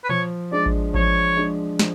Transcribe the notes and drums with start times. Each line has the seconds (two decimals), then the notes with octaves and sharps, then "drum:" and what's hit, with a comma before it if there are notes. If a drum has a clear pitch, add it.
0.04 B4
0.09 F3 C#5, drum: tom A#2
0.52 G#3 D4 D5
0.66 drum: kick G#1
0.94 F3 C#5, drum: kick G#1
1.37 G#3 D4
1.79 F3, drum: snare